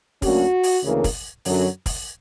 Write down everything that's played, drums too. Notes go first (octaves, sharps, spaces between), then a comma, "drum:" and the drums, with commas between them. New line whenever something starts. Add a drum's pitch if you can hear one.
D2 D3 F#3 A#3 C#4 F#4, drum: kick, open hi-hat
drum: open hi-hat
D2 C#3 E3 A#3
drum: kick, open hi-hat
F#2 D3 F#3, drum: open hi-hat
drum: kick, open hi-hat